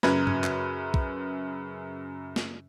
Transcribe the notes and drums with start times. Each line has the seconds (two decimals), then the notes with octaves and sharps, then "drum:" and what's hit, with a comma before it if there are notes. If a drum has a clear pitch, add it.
0.03 F#2 C#3 B4 A#5 G#6, drum: snare
0.27 drum: tom G2
0.44 drum: clap
0.94 drum: kick
2.36 drum: snare